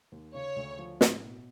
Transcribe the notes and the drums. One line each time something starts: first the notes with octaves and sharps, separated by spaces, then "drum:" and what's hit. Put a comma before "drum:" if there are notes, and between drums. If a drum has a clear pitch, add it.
D#2
C#3 C#5
D2
F3
A2, drum: snare
B2